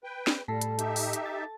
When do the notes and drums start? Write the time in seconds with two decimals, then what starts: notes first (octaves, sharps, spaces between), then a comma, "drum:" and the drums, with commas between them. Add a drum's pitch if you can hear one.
0.04 B4 G5
0.27 drum: snare
0.48 A2 G3 A4
0.61 drum: hi-hat
0.79 D#4 G4 E5, drum: hi-hat
0.96 drum: open hi-hat
1.13 drum: hi-hat
1.26 A6